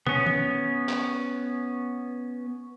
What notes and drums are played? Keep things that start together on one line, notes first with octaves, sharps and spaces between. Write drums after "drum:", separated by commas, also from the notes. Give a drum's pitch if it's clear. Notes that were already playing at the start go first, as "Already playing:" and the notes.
B3 C#4, drum: tom
drum: tom D#3
drum: clap